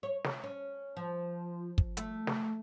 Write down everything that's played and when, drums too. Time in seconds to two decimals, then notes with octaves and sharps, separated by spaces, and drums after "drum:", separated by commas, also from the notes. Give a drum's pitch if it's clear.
0.03 C#5
0.24 drum: snare
0.44 C#4
0.97 F3
1.78 drum: kick
1.97 A3, drum: hi-hat
2.27 drum: snare